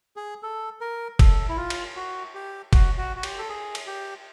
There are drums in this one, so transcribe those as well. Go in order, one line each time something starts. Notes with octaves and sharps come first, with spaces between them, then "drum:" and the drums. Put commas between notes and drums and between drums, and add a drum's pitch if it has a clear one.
G#4
A4
A#4
A4, drum: kick, cymbal
E4
F4
drum: cymbal
F#4
G4
F#4, drum: kick, cymbal
F#4
F#4
G4, drum: cymbal
A4
G#4
drum: cymbal
G4